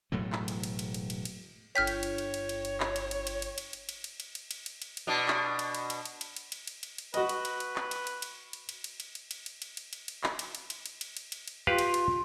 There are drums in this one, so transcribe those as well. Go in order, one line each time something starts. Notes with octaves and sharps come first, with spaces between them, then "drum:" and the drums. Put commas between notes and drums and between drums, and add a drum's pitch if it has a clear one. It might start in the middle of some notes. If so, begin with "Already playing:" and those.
E1 A2 F#3 A3
drum: clap
drum: cymbal
drum: cymbal
drum: cymbal
drum: cymbal
drum: cymbal
drum: cymbal
G1 C#5 G5 F6 G6 B6
drum: cymbal
drum: cymbal
drum: cymbal
drum: cymbal
drum: cymbal
drum: cymbal
drum: clap
drum: cymbal
drum: cymbal
drum: cymbal
drum: cymbal
drum: cymbal
drum: cymbal
drum: cymbal
drum: cymbal
drum: cymbal
drum: cymbal
drum: cymbal
drum: cymbal
drum: cymbal
drum: cymbal
B2 D4
drum: clap
drum: cymbal
drum: cymbal
drum: cymbal
drum: cymbal
drum: cymbal
drum: cymbal
drum: cymbal
drum: cymbal
drum: cymbal
drum: cymbal
F#4 B4 D#5, drum: cymbal
drum: cymbal
drum: cymbal
drum: cymbal
drum: clap
drum: cymbal
drum: cymbal
drum: cymbal
drum: cymbal
drum: cymbal
drum: cymbal
drum: cymbal
drum: cymbal
drum: cymbal
drum: cymbal
drum: cymbal
drum: cymbal
drum: cymbal
drum: cymbal
drum: clap
drum: cymbal
drum: cymbal
drum: cymbal
drum: cymbal
drum: cymbal
drum: cymbal
drum: cymbal
drum: cymbal
F4 G4 B4 F5
drum: cymbal
drum: cymbal